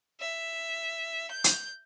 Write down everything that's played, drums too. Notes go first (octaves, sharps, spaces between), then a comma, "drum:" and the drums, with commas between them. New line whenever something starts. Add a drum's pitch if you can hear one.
E5
G6
drum: hi-hat